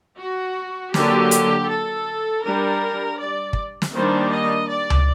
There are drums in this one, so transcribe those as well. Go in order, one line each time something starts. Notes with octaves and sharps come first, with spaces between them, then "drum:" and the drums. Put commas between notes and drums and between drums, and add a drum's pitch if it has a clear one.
F#4
D3 F#3 A#3 G4, drum: snare
drum: hi-hat
A4
G3 D4 A#4
D5
drum: kick
drum: snare
D#3 G3 A#3 D4 C5
D#5
D5
drum: tom C#2